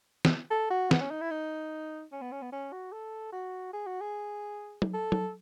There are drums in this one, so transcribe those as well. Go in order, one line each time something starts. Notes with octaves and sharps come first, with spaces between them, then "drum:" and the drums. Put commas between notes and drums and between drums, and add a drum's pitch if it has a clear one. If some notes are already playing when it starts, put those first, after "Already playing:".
drum: snare
A4
F#4
B3, drum: snare
C#4
D#4
E4
D#4
C#4
B3
C#4
B3
C#4
F#4
A4
F#4
G#4
F#4
G#4
drum: tom F#3
A4
drum: tom F#3